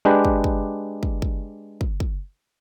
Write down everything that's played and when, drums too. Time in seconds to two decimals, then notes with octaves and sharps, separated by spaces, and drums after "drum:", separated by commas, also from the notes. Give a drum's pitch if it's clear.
0.05 G#3 D4 G4 B4
0.25 drum: kick
0.44 drum: kick
1.03 drum: kick
1.22 drum: kick
1.81 drum: kick
2.00 drum: kick